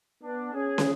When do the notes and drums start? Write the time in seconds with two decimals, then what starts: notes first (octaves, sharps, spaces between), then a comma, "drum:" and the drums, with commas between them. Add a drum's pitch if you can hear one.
0.22 B3 D4
0.53 C#4 G#4
0.78 drum: snare